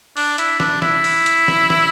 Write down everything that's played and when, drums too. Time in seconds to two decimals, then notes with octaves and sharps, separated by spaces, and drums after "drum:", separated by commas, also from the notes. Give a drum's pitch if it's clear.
0.17 D4, drum: open hi-hat
0.38 E4, drum: hi-hat
0.60 D4, drum: snare
0.82 E4, drum: snare
1.04 drum: open hi-hat
1.26 drum: hi-hat
1.48 drum: snare
1.70 drum: snare